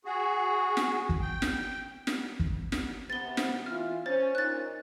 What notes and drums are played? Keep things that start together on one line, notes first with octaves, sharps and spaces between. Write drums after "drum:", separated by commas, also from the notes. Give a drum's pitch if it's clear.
F#4 G#4
drum: snare
drum: kick
G5
drum: snare
drum: snare
drum: kick
drum: snare
C3 B3 A6 G7
drum: snare
E3 F4 F6
C#4 C5 A6
A#2 C#4 D#4 F#6 A6